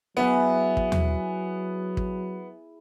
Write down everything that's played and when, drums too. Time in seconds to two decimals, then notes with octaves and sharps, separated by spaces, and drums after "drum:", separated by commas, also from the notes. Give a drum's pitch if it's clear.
0.17 F#3 B3 E4 G#4 E5
0.77 drum: kick
0.92 drum: tom
1.08 G#4
1.97 drum: kick